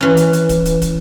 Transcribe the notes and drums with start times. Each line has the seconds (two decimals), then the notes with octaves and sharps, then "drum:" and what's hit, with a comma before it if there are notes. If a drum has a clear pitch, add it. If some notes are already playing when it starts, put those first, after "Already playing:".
0.01 E3 C#4
0.17 drum: hi-hat
0.33 drum: hi-hat
0.49 drum: kick, hi-hat
0.65 drum: hi-hat
0.82 drum: kick, hi-hat